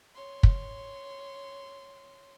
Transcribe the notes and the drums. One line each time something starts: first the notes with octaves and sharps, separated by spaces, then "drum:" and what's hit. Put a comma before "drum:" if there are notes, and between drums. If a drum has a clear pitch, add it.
C#5 C6
drum: kick